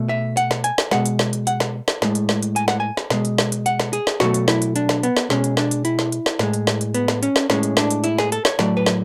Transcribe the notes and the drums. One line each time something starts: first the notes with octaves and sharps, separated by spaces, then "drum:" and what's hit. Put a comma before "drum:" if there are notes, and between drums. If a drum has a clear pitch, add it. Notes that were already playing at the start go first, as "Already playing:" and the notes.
Already playing: B2 A3
E5
F#5, drum: hi-hat
drum: snare
G#5, drum: hi-hat
drum: snare
B2 G#3 F#5, drum: snare
drum: hi-hat
drum: snare
drum: hi-hat
F#5, drum: hi-hat
drum: snare
drum: snare
A2 G#3, drum: snare
drum: hi-hat
drum: snare
drum: hi-hat
G#5, drum: hi-hat
F#5, drum: snare
G#5
drum: snare
B2 G#3, drum: snare
drum: hi-hat
drum: snare
drum: hi-hat
F#5, drum: hi-hat
drum: snare
G#4, drum: hi-hat
drum: snare
B2 F#3 A3 F#4, drum: snare
drum: hi-hat
E4, drum: snare
drum: hi-hat
D4, drum: hi-hat
drum: snare
B3, drum: hi-hat
drum: snare
B2 G#3 C#4, drum: snare
drum: hi-hat
D4, drum: snare
drum: hi-hat
E4, drum: hi-hat
drum: snare
drum: hi-hat
drum: snare
A2 G#3, drum: snare
drum: hi-hat
drum: snare
drum: hi-hat
B3, drum: hi-hat
drum: snare
C#4, drum: hi-hat
drum: snare
A2 G#3 C#4, drum: snare
drum: hi-hat
D4, drum: snare
drum: hi-hat
E4, drum: hi-hat
G#4, drum: snare
A4, drum: hi-hat
C#5, drum: snare
A2 F#3 A3 D5, drum: snare
B4
drum: snare